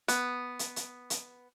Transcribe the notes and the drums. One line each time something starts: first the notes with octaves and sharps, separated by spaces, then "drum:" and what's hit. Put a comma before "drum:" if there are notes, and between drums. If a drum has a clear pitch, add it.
B3, drum: hi-hat
drum: hi-hat
drum: hi-hat
drum: hi-hat